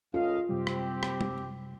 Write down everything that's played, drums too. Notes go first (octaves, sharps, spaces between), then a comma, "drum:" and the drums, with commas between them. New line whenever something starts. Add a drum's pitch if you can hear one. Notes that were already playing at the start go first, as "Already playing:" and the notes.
C#2 C#4 F4 A4 D#5 F5
F#2 C3 G3 C4 G4
drum: rim click
drum: rim click
drum: tom